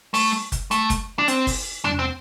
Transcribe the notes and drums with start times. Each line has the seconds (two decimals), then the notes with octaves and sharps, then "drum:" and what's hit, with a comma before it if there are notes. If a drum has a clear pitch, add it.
0.14 A3, drum: open hi-hat
0.52 drum: kick F#1, hi-hat
0.71 A3, drum: hi-hat
0.90 drum: kick F#1, hi-hat
1.19 D4
1.28 C4, drum: hi-hat
1.47 drum: kick F#1, open hi-hat
1.85 D4, drum: tom E2
1.99 C4